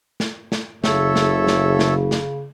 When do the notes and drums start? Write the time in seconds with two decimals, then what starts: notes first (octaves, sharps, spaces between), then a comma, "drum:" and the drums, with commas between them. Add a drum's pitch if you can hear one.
0.20 drum: snare
0.52 drum: snare
0.84 F#1 C#3 A4 C#5 E5, drum: snare
1.16 drum: snare
1.47 drum: snare
1.79 drum: snare
2.11 drum: snare